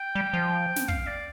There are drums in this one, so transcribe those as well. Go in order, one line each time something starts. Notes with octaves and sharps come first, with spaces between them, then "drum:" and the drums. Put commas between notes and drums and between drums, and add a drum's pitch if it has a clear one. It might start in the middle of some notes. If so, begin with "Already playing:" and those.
Already playing: G5
G3
F3
drum: snare
F5, drum: kick
D5